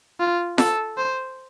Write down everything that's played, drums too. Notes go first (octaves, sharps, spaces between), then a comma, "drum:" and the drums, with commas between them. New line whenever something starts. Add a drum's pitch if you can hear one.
F4
A4, drum: snare F4
C5